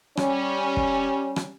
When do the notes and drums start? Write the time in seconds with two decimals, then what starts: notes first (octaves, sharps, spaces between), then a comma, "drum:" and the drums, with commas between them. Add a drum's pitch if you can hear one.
0.17 G3 C#4, drum: rim click
0.77 drum: kick
1.36 drum: rim click